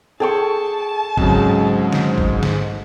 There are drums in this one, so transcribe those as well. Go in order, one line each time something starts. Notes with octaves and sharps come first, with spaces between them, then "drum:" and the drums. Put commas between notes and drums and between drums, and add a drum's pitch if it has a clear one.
G#4 A4 G5 A5 C#6
G#2 C#3 F#3 C4, drum: kick
drum: snare
drum: kick
drum: snare